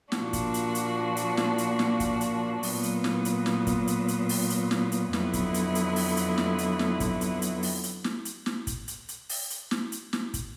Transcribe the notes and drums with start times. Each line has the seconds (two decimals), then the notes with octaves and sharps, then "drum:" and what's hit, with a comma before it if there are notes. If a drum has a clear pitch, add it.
0.12 A#2 F3 A#3 D4 F#4, drum: snare
0.33 drum: kick, hi-hat
0.54 drum: hi-hat
0.75 drum: hi-hat
1.16 drum: hi-hat
1.37 drum: snare
1.58 drum: hi-hat
1.79 drum: snare
2.00 drum: kick, hi-hat
2.21 drum: hi-hat
2.63 A#2 F#3 B3, drum: open hi-hat
2.83 drum: hi-hat
3.04 drum: snare
3.25 drum: hi-hat
3.46 drum: snare
3.67 drum: kick, hi-hat
3.87 drum: hi-hat
4.08 drum: hi-hat
4.29 drum: open hi-hat
4.50 drum: hi-hat
4.71 drum: snare
4.92 drum: hi-hat
5.13 F2 D3 F#3 B3 E4, drum: snare
5.33 drum: kick, hi-hat
5.54 drum: hi-hat
5.75 drum: hi-hat
5.96 drum: open hi-hat
6.17 drum: hi-hat
6.38 drum: snare
6.58 drum: hi-hat
6.79 drum: snare
7.00 drum: kick, hi-hat
7.21 drum: hi-hat
7.42 drum: hi-hat
7.63 drum: open hi-hat
7.83 drum: hi-hat
8.04 drum: snare
8.25 drum: hi-hat
8.46 drum: snare
8.67 drum: kick, hi-hat
8.88 drum: hi-hat
9.09 drum: hi-hat
9.29 drum: open hi-hat
9.50 drum: hi-hat
9.71 drum: snare
9.92 drum: hi-hat
10.13 drum: snare
10.34 drum: kick, hi-hat